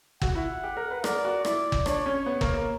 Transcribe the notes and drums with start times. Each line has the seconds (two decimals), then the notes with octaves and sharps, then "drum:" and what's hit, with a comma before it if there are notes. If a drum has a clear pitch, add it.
0.22 F#4 F#5, drum: kick
0.35 E4
0.64 G4
0.77 A#4
0.91 B4
1.04 A#4 D5, drum: rim click
1.25 F#4
1.45 E4 D5, drum: rim click
1.72 drum: kick
1.86 D4 C#5, drum: rim click
2.06 C#4
2.26 B3
2.41 A#3, drum: kick
2.54 A#3